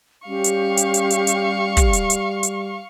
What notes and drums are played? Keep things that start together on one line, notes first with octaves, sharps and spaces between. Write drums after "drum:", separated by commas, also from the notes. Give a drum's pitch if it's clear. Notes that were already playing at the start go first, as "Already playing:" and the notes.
G3 C#4 G4 F5 C#6
drum: hi-hat
drum: hi-hat
drum: hi-hat
drum: hi-hat
drum: hi-hat
drum: kick, hi-hat
drum: hi-hat
drum: hi-hat
drum: hi-hat